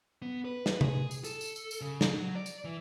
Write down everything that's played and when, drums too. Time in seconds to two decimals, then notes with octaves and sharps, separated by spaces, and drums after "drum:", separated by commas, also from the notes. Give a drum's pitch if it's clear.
0.22 B3
0.45 B4
0.66 drum: snare
0.81 G#4, drum: tom
1.11 drum: tambourine
1.24 A4, drum: tambourine
1.41 drum: tambourine
1.56 drum: tambourine
1.71 drum: tambourine
1.81 C#3
2.01 drum: snare
2.12 F#3
2.36 D5
2.46 drum: tambourine
2.64 E3